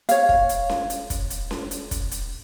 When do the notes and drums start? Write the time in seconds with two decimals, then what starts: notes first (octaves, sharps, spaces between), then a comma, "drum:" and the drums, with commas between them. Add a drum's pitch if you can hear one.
0.09 C#5 F5, drum: hi-hat
0.29 drum: kick
0.49 drum: hi-hat
0.69 drum: snare C#4
0.90 drum: hi-hat
1.10 drum: kick, hi-hat
1.30 drum: hi-hat
1.51 drum: snare C#4
1.71 drum: hi-hat
1.91 drum: kick, hi-hat
2.11 drum: hi-hat